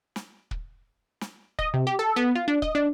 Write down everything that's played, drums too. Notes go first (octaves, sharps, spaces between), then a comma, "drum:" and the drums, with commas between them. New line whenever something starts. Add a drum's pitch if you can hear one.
drum: snare
drum: kick
drum: snare
D#5, drum: kick
C3
G4
A4
B3
F4
D4
D#5, drum: kick
D4